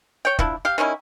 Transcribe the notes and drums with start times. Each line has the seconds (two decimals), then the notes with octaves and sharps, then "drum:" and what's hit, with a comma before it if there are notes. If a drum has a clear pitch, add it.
0.25 C#5 G5
0.39 F3 D4 E4, drum: kick
0.65 G4 F5
0.78 D#3 G3 C#4 E4